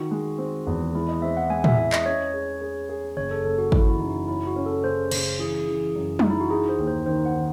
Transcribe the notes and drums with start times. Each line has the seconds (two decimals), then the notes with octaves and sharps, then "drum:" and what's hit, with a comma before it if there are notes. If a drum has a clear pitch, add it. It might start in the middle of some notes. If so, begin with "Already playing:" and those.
Already playing: D#3 F#4
0.11 G#3
0.38 C4
0.67 E2
0.94 G#3 E4
1.09 D#5
1.22 C4 E5
1.37 F#5
1.50 G#3 G#5
1.64 E5, drum: tom
1.78 E4 E5
1.92 D#5, drum: clap
2.06 C#4 C#5
2.33 G#4
2.61 G#4
2.89 G#4
3.17 F#1 C#5
3.31 A4
3.45 F#1 A4
3.58 F#4
3.72 E3 E4, drum: kick
3.82 F#4
3.87 E4
4.00 F#1 D#4
4.10 F#4
4.15 E4
4.28 C#4 E4
4.47 F#4
4.56 C#4
4.66 A4
4.84 C#3 C5
5.11 C#3, drum: cymbal
5.39 E3 G#4
5.68 E3
5.96 F#2
6.19 E3 D#4, drum: tom F#3
6.30 E4
6.41 F#4
6.50 D#4 G#4
6.69 C5
6.78 D#2
6.87 C5
7.06 D#3 C5
7.26 F#5
7.35 D#3